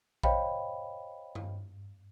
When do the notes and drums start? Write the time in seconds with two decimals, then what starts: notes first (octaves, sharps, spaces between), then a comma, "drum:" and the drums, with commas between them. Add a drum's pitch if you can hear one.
0.23 C5 C#5 D#5 F5 G5 B5, drum: kick A#1
1.35 drum: tom G2